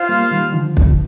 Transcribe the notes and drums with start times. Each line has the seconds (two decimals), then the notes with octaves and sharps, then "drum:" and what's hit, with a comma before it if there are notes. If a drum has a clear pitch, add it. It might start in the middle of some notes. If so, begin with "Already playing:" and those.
Already playing: F4 C5 F5
0.09 G3 A#3
0.31 D#3 G3
0.49 D#3
0.54 D3 F3
0.77 D3 F3, drum: kick